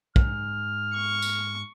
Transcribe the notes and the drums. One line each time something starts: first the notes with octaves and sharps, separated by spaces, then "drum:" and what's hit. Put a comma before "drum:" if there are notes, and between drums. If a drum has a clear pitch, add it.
G#2 F6, drum: kick
C#6
drum: tambourine